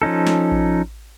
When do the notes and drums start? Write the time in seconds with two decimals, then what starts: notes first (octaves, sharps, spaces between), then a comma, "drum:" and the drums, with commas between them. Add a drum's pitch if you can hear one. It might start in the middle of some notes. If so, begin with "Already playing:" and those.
0.02 F3 C#4 D#4 A4
0.27 drum: snare
0.52 drum: kick A1